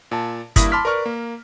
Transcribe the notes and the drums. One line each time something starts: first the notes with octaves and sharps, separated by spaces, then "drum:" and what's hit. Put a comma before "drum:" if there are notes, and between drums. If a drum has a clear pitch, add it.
A#2 A5
G2 A#3 E4 D#6 A#6 B6, drum: kick, hi-hat
A5 B5 C6 D6 F6 B6
A#4 B4 D5 C#6 F6
A#3